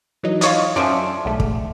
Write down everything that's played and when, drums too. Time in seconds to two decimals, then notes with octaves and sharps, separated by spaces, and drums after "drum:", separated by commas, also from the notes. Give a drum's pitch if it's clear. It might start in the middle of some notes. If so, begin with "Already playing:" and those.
0.23 E3 F#3 D#4
0.41 F4 C#5 D#5, drum: hi-hat
0.76 F#2 D3 F3 C#4 D5 E5
1.25 B1 G#2 A3
1.40 drum: kick